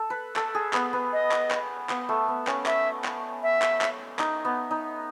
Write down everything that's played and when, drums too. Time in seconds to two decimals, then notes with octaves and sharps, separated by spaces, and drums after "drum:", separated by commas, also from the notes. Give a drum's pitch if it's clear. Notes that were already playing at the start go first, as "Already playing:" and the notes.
Already playing: A4
0.10 B4
0.36 A4, drum: clap
0.55 G#4
0.73 B3, drum: clap
0.93 B3
1.13 D#5
1.32 drum: clap
1.51 drum: clap
1.90 B3, drum: clap
2.09 A3
2.28 B3
2.47 C#4, drum: clap
2.66 E5, drum: clap
3.04 drum: clap
3.43 E5
3.62 drum: clap
3.81 drum: clap
4.19 D#4, drum: clap
4.45 B3
4.71 D#4